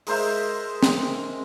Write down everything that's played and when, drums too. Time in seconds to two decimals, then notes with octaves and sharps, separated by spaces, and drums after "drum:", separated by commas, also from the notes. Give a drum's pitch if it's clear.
0.07 G#3 A#4 C5 E5, drum: open hi-hat
0.83 drum: snare